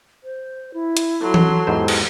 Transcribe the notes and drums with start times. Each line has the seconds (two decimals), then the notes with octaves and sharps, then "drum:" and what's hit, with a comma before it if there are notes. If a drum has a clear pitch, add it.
0.24 C5
0.74 E4
0.97 drum: hi-hat
1.21 F#3 A4 C6
1.34 drum: tom E3
1.67 E2 G#2 G4 C5
1.88 drum: cymbal